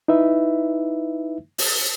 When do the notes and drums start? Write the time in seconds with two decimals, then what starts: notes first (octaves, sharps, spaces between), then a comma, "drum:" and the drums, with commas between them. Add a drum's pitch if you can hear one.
0.08 D#4 E4 B4 E5
1.58 drum: open hi-hat